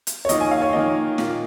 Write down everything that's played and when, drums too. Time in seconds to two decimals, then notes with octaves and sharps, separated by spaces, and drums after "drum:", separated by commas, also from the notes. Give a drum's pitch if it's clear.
0.07 drum: hi-hat
0.25 C#5
0.29 D#3 A#3 F4 D#5, drum: hi-hat
0.40 G#5
0.51 F5
0.62 C#5
0.73 D#3 A#3 F4 D#5
1.18 A#2 A#3 F4, drum: snare